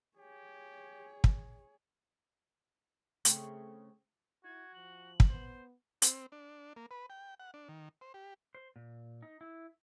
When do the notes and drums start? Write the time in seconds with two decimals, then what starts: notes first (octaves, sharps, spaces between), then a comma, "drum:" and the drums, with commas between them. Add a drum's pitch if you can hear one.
0.17 G4 G#4 C#5
1.24 drum: kick
3.25 C#3 A3 C4, drum: hi-hat
4.44 E4 F#4 G#6
4.75 F3 F#7
5.20 drum: kick
5.29 B3 C5
6.02 C4, drum: hi-hat
6.32 D4
6.76 A#3
6.91 B4
7.10 G5
7.40 F#5
7.54 D4
7.69 D#3
8.01 C5
8.14 G4
8.55 C5
8.76 A#2
9.23 D#4
9.41 E4